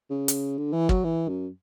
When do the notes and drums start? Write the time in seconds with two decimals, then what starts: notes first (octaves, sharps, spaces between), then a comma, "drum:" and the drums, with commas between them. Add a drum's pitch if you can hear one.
0.10 C#3
0.28 drum: hi-hat
0.58 D3
0.73 E3
0.89 F#3, drum: kick
1.04 E3
1.28 F#2